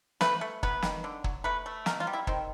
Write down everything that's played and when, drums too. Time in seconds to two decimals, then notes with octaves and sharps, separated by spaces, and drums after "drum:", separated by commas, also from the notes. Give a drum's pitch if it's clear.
0.21 A3 B4, drum: snare
0.41 A3
0.63 B3 B4, drum: kick
0.82 D#3, drum: snare
1.04 D3
1.24 F#3, drum: kick
1.44 A3 B4
1.66 A3
1.86 B2 A#4, drum: snare
2.00 F4
2.07 G3
2.13 E4
2.27 D#3 C4, drum: kick